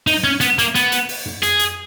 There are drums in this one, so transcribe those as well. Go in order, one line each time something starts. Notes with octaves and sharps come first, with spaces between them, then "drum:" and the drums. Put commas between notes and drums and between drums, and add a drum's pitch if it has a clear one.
D#4, drum: open hi-hat
C#4
B3, drum: hi-hat
A#3, drum: hi-hat
B3, drum: hi-hat
drum: hi-hat
drum: open hi-hat
drum: tom
G#4, drum: hi-hat
drum: hi-hat